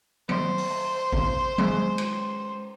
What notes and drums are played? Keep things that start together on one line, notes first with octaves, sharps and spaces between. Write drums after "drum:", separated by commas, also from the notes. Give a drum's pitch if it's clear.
C5, drum: tom D#3
drum: open hi-hat
drum: kick G#1
G#3, drum: tom D#3
drum: cymbal